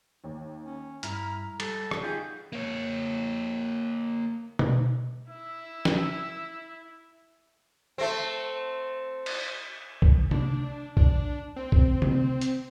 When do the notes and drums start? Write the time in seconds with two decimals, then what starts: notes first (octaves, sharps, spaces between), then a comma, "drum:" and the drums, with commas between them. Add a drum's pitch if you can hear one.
0.24 D#2
0.66 C#4
1.03 G2 E4 A#5 F6, drum: hi-hat
1.60 G3 A4 A6, drum: cymbal
1.91 drum: rim click
2.02 D#4 F4 G4 G#4 G6
2.53 A#3 C#5
4.59 drum: tom B2
5.29 E4 E6
5.85 drum: snare
7.98 A3 C4
9.26 drum: cymbal
10.02 drum: kick B1
10.31 D4, drum: tom C3
10.97 D4, drum: kick B1
11.56 C4
11.72 drum: kick B1
12.02 drum: tom C3
12.41 drum: hi-hat